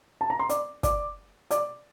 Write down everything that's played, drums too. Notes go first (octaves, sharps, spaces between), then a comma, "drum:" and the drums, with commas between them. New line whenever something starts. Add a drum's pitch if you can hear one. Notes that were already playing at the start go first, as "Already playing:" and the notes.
A5
A#5
C6
D5 D6, drum: hi-hat
D5 D6, drum: kick, hi-hat
D5 D6, drum: hi-hat